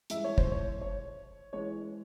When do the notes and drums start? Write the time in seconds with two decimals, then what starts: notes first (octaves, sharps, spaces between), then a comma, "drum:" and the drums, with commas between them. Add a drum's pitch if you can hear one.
0.10 G2 E3 G#3 E5, drum: hi-hat
0.24 C#5
0.38 C5, drum: kick
0.52 C#5
0.81 C#5
1.53 E3 G#3 C#5